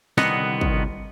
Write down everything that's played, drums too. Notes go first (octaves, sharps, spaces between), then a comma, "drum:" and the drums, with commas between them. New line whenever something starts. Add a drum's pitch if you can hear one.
C2 D3 D#3 B3 D#5 F#5, drum: snare
drum: kick